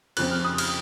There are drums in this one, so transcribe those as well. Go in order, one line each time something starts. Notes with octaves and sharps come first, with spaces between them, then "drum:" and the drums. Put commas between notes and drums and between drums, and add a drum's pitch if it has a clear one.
F2 C#3 F3 C4 F#6, drum: cymbal
F6
D#6
F6, drum: cymbal